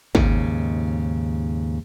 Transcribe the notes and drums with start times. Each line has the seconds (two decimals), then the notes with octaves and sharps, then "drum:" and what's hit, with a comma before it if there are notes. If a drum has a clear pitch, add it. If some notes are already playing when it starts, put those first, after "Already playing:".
0.15 D#2 G#2 C#3, drum: kick